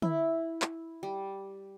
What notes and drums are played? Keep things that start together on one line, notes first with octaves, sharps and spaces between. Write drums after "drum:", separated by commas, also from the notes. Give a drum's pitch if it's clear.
E4, drum: tom D3
drum: clap
G3